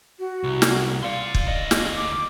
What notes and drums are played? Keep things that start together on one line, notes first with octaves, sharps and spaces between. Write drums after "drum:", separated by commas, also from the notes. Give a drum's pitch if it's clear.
F#4
C2
drum: snare
D5 F5 C6
drum: kick
D2 D#5
drum: snare
D6